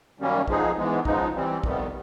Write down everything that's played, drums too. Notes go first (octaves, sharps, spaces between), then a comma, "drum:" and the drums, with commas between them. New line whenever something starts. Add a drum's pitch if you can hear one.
F#2 D#3 G3 A#3 C#4
F3 G#3 B3 D#4 G#4, drum: kick
G#2 E3 G#3 B3
C#3 F3 G#3 B3 D#4, drum: kick
E3 G3 C4
F2 C3 D#3 G3 B3, drum: kick